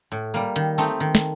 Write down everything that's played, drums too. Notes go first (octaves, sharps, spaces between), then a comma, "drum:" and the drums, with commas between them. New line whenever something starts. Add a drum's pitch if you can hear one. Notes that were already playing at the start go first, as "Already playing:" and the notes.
A2
G3 A#3
D#3, drum: hi-hat
A3 C4 D#4
D#3
drum: snare